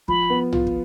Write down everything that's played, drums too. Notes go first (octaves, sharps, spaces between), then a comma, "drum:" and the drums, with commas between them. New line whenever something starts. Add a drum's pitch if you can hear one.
F3 B5, drum: kick
B3
F4, drum: tom
drum: kick